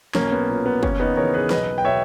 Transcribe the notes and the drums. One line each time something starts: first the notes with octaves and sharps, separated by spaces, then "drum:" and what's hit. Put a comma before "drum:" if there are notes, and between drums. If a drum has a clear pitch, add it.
B1 A#3 C#4, drum: snare
B3
A#2 A#3
B3
D#2 A#3 C#4, drum: kick
B3 D#4
C#3 E3 A#4 C#5
G#4 B4
B1 B4 D#5, drum: snare
G5
B2 C#5 E5